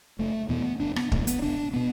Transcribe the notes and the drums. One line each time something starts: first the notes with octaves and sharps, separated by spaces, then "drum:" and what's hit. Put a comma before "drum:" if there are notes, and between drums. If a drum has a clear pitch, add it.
F#1 A3
E2 B2 B3
F#1 D4
B3, drum: rim click
E2 B2 A3, drum: kick
A3
B3, drum: hi-hat
F#1 D4
B2 B3